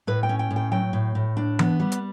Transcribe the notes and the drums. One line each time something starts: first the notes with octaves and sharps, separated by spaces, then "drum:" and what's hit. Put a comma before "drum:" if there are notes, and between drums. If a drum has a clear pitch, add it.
A2 B4
G5
C#4
G5
A2
G5
F#3 G5
A2
A2
D4
B3, drum: tom E3
G3
drum: hi-hat